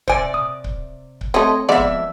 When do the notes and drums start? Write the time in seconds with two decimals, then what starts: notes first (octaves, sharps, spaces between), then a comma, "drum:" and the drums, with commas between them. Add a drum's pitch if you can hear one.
0.08 C3 C5 D5 G#5, drum: kick C#1
0.34 D#6
0.64 drum: kick C#1
1.21 drum: kick C#1
1.34 A3 C4 C#5 D#5
1.69 F2 G#3 B3 D5 E5
1.78 drum: kick C#1